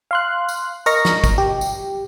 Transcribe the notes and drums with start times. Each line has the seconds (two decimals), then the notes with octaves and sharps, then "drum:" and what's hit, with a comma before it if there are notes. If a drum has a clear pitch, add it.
0.11 F5 C6 F#6
0.49 drum: tambourine
0.86 A#4 D#5 A#5 C#6 A#6, drum: tambourine
1.05 drum: snare
1.24 drum: kick, tambourine
1.38 G4
1.61 drum: tambourine